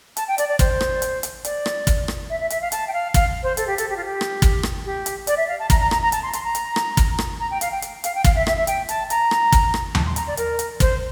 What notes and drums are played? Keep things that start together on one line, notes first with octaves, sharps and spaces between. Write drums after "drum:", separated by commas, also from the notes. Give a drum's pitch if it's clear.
A5, drum: hi-hat
G5
D5, drum: hi-hat
D5
C5, drum: kick, hi-hat
drum: rim click
drum: hi-hat
drum: hi-hat
D5, drum: hi-hat
drum: rim click
drum: kick, hi-hat
drum: rim click
E5
E5
E5, drum: hi-hat
F5
A5, drum: hi-hat
G5
F5
F5, drum: kick, hi-hat
C5
A4, drum: hi-hat
G4
A4, drum: hi-hat
G4
F4
G4
drum: rim click
drum: kick, hi-hat
drum: rim click
G4
drum: hi-hat
D5, drum: hi-hat
E5
F5
A5
A#5, drum: kick, hi-hat
A#5
A#5, drum: rim click
A#5
A5, drum: hi-hat
C6
C6, drum: hi-hat
A#5
drum: hi-hat
drum: rim click
drum: kick, hi-hat
drum: rim click
A#5
G5
F5, drum: hi-hat
G5
drum: hi-hat
F5, drum: hi-hat
G5
F5, drum: kick, hi-hat
E5
E5, drum: rim click
E5
G5, drum: hi-hat
A5, drum: hi-hat
A#5, drum: hi-hat
drum: rim click
drum: kick, hi-hat
drum: rim click
A5, drum: tom D#2
C6
A#5, drum: hi-hat
D5
A#4, drum: hi-hat
drum: hi-hat
C5, drum: kick, hi-hat